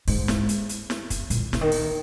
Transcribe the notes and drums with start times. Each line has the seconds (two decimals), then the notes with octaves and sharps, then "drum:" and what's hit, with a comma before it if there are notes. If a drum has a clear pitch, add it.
0.08 G#2, drum: open hi-hat
0.28 drum: snare
0.49 drum: hi-hat
0.69 drum: hi-hat
0.90 drum: snare
1.10 drum: kick, hi-hat
1.30 A#2, drum: hi-hat
1.53 C#3, drum: snare
1.61 D#3
1.72 drum: open hi-hat